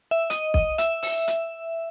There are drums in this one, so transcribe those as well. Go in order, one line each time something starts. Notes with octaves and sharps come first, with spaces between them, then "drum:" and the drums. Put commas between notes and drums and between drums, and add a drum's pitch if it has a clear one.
E5
D#5, drum: hi-hat
D#5, drum: kick
E5, drum: hi-hat
E5, drum: open hi-hat
drum: hi-hat